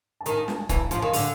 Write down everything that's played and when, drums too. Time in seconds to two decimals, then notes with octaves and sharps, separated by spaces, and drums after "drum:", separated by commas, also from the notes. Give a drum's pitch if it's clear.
0.21 A5
0.26 D#3 A#5, drum: hi-hat
0.37 A5
0.48 A5, drum: snare
0.58 G#5
0.69 E3 A5, drum: kick, hi-hat
0.80 A#5
0.91 F3 A5, drum: hi-hat
1.02 D#3 G#5
1.13 D3, drum: open hi-hat